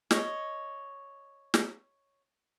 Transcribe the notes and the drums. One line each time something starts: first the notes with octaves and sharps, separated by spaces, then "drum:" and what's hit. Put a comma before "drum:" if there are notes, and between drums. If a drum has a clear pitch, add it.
C#5 D#5, drum: snare
drum: snare